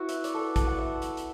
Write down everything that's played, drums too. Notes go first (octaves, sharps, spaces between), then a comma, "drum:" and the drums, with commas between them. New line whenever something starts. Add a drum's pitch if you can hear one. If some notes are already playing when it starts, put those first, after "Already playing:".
Already playing: E4 F#4 B4
E5, drum: hi-hat
D5, drum: hi-hat
A4 B4
A4, drum: kick, hi-hat
F#5
E5
drum: hi-hat
drum: hi-hat